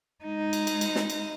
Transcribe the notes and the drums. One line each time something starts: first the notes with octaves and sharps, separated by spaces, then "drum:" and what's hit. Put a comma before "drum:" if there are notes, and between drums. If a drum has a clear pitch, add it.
G#3 D#4
drum: cymbal
drum: cymbal
drum: cymbal
drum: snare
drum: cymbal